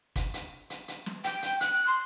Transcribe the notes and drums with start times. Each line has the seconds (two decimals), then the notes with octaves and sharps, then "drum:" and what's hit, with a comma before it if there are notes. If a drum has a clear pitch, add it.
0.16 drum: kick, hi-hat
0.34 drum: hi-hat
0.70 drum: hi-hat
0.88 drum: hi-hat
1.06 drum: snare
1.24 G5, drum: hi-hat
1.42 drum: hi-hat
1.61 F#6, drum: hi-hat
1.87 C6